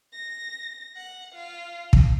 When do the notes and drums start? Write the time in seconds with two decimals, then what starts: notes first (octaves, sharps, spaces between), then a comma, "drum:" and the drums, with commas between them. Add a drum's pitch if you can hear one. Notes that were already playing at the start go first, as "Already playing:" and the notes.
0.12 A#6
0.96 F#5
1.35 F4
1.93 drum: kick